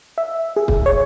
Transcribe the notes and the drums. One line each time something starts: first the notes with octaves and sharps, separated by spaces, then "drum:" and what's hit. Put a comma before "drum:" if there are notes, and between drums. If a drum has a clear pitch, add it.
E5
G#4
drum: kick
C#5